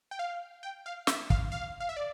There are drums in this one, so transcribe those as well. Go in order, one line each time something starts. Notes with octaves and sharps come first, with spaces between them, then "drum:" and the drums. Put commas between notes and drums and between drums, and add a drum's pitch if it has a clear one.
G5
F5
G5
F5
E5, drum: snare
F5, drum: kick
F5
F5
E5
D5